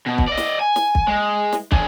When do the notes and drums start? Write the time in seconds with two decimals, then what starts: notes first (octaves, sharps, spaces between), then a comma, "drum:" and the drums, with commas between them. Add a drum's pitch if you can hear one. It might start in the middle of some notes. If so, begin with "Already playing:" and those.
0.07 B2
0.18 drum: kick
0.28 D5 D#5
0.37 drum: snare
0.59 G#5
0.76 drum: snare
0.95 drum: kick
1.07 G#3
1.52 drum: snare
1.72 D4 G#4, drum: kick